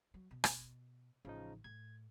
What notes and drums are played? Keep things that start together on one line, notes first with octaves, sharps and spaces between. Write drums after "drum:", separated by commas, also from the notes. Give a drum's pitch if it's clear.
F#3
B2
drum: rim click
A1 C#3 F3 D#4
A2 G#6